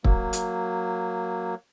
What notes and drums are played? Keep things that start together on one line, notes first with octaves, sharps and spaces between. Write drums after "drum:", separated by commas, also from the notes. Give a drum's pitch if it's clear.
F#3 A#3, drum: kick
drum: hi-hat